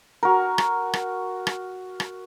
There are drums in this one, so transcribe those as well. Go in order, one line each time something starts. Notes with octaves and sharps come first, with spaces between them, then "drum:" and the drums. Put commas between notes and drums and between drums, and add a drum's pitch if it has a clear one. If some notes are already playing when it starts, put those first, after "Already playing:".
F#4 A#4
drum: rim click
drum: rim click
drum: rim click
drum: rim click